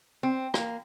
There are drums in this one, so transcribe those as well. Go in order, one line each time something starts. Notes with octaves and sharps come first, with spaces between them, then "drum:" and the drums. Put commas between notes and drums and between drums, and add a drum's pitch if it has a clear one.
C4
A#3, drum: rim click